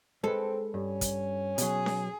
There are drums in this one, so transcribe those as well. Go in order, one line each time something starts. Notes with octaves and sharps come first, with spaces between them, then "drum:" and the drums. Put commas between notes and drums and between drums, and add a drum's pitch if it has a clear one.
G#3 C4 A4 B4
G2 C#4
drum: kick, hi-hat
B2 F#3 G#4, drum: hi-hat
drum: snare C#4